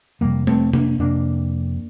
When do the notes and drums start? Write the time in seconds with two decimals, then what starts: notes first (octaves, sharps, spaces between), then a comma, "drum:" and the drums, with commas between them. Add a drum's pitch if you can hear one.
0.21 F2 C3 G3 A#3
0.47 A3 C4, drum: tom G3
0.73 A#3 D4, drum: tom C3
0.99 F2 C3 A#3 D4